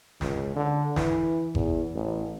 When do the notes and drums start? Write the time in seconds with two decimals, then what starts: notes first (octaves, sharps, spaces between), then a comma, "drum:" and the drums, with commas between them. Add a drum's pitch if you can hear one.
0.21 C#2, drum: snare
0.56 D3
0.96 E3, drum: snare
1.55 E2, drum: kick G1
1.95 A1